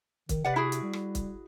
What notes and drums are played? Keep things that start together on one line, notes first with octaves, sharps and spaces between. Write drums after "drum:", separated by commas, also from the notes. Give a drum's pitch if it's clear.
D#3, drum: kick, hi-hat
C3 B4 D5 F#5
E4 F#4 G#4
drum: hi-hat
G3
drum: rim click
drum: kick, hi-hat